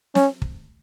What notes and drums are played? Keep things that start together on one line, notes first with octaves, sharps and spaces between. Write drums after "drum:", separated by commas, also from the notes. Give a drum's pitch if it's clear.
C#4, drum: snare
drum: kick